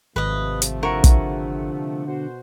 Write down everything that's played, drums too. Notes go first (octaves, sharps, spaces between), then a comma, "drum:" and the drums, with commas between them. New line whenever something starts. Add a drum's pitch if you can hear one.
G#1 C3 F3 A3 B4 D#5
drum: hi-hat
D3 E4 A#4 F#5 C#6
drum: kick, hi-hat
B2 F#4 C5